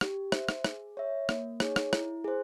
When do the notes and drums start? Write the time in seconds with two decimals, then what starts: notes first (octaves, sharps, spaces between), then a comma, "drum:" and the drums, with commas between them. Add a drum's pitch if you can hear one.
0.01 G4, drum: rim click
0.32 C5 E5, drum: rim click
0.49 drum: rim click
0.64 G#4, drum: rim click
0.97 C#5 E5
1.29 A#3, drum: rim click
1.60 D#4 G#4 C#5, drum: rim click
1.76 drum: rim click
1.93 E4, drum: rim click
2.24 G#4 C5